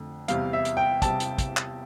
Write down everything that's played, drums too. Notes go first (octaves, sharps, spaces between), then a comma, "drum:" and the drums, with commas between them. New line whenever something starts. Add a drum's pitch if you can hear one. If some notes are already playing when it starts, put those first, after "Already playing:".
Already playing: F2 D3 A3
E2 C3 G3 F5, drum: hi-hat
E5
drum: hi-hat
G5
C3 G3 A5, drum: kick, hi-hat
drum: hi-hat
drum: kick, hi-hat
drum: clap